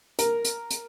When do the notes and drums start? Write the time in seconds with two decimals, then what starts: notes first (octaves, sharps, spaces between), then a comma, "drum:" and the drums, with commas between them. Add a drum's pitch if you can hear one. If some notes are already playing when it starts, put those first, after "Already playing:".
0.19 A#4, drum: hi-hat
0.45 drum: hi-hat
0.70 drum: hi-hat